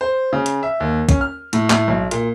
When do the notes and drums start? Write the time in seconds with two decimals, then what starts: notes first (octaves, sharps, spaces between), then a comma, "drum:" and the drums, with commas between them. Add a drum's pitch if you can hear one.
0.01 C5
0.33 C#3
0.46 drum: hi-hat
0.63 E5
0.80 D#2
1.09 C#4, drum: kick, hi-hat
1.21 F6
1.53 A2, drum: hi-hat
1.70 A2, drum: clap
1.88 B1
2.11 A#2, drum: hi-hat